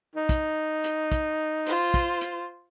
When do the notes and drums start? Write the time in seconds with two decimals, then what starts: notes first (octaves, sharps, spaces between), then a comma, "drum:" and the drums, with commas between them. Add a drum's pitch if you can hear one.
0.15 D#4
0.29 drum: kick, hi-hat
0.84 drum: hi-hat
1.12 drum: kick, hi-hat
1.67 F4 C5, drum: hi-hat
1.94 drum: kick, hi-hat
2.21 drum: hi-hat